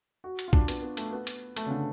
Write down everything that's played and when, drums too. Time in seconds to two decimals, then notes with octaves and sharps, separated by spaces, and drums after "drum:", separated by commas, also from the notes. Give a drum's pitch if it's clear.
0.24 F#4
0.39 drum: hi-hat
0.48 F4
0.53 D4, drum: kick A#1
0.68 B3, drum: hi-hat
0.82 B3
0.97 A3, drum: hi-hat
1.13 B3
1.27 drum: hi-hat
1.56 A3, drum: hi-hat
1.66 C#3
1.71 D3